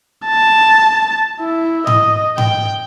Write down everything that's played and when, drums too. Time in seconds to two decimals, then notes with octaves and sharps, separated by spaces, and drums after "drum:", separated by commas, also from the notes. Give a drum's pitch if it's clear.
0.26 A5
1.41 E4
1.87 D#5, drum: tom G#2
2.38 G5, drum: tom G#2